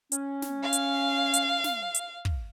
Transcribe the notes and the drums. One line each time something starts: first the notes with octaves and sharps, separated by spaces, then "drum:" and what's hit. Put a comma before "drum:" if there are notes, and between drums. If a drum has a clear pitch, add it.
C#4, drum: hi-hat
drum: snare
F5
drum: hi-hat
drum: hi-hat
drum: snare
drum: hi-hat
drum: kick